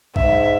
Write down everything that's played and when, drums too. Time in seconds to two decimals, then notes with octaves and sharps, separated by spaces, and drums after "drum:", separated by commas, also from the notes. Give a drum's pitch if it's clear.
0.16 G#2 E5, drum: kick